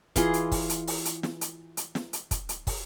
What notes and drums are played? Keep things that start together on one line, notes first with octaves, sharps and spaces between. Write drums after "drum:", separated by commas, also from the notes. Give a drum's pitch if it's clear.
E3 F4 G#4 D#5, drum: kick, hi-hat
drum: hi-hat
drum: kick, open hi-hat
drum: hi-hat
drum: open hi-hat
drum: hi-hat
drum: snare
drum: hi-hat
drum: hi-hat
drum: snare
drum: hi-hat
drum: kick, hi-hat
drum: hi-hat
drum: kick, open hi-hat